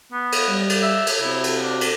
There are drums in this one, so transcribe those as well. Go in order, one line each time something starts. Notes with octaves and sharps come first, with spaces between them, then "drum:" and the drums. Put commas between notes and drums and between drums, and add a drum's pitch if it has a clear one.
B3
drum: cymbal
G3
drum: cymbal
E5
drum: cymbal
C3 E4 F#4
drum: cymbal
D4
drum: cymbal